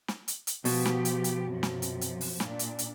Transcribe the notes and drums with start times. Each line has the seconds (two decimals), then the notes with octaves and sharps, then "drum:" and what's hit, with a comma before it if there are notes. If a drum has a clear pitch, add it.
0.08 drum: snare
0.28 drum: hi-hat
0.47 drum: hi-hat
0.65 B2 F3 B3 G4, drum: open hi-hat
0.86 drum: snare
1.05 drum: hi-hat
1.24 drum: hi-hat
1.49 F#2 C3 F3
1.63 drum: snare
1.82 drum: hi-hat
2.01 drum: hi-hat
2.21 drum: open hi-hat
2.40 A#2 D4, drum: snare
2.59 drum: hi-hat
2.79 drum: hi-hat